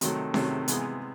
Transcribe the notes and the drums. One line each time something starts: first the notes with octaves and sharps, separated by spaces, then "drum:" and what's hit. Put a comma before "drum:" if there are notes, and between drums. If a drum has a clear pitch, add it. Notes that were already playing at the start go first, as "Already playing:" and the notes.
C3 D#3 F#3 A3, drum: hi-hat
C3 D#3 F#3 A3, drum: snare C#4
C3 E3 G#3 B3, drum: hi-hat